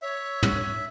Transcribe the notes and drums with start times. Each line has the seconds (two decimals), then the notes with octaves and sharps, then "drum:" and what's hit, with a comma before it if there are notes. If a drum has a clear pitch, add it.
0.02 C#5 E5
0.43 drum: tom